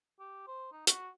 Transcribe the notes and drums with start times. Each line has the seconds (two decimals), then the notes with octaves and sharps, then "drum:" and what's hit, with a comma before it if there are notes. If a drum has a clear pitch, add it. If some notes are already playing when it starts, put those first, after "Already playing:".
0.20 G4
0.47 C5
0.72 D#4
0.87 F#4, drum: hi-hat